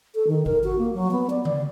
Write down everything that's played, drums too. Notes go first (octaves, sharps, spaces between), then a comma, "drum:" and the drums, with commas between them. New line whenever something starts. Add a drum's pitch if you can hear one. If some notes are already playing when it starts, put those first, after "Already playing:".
A4
D#3
A#4, drum: kick G#1
F#4
A#3
F#3
B3
D5
D5, drum: tom C#3